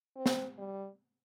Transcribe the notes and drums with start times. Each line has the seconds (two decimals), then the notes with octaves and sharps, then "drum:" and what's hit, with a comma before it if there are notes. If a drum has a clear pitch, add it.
0.16 C4
0.26 drum: snare
0.58 G3